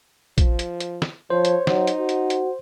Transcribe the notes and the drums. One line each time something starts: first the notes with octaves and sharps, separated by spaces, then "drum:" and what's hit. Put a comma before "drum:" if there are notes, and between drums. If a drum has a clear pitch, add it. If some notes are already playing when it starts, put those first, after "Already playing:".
F3, drum: kick A#1, hi-hat
drum: hi-hat
drum: hi-hat
drum: snare
F3 C5 C#5
drum: hi-hat
F#3 D#4, drum: snare
drum: hi-hat
F#4
drum: hi-hat
drum: hi-hat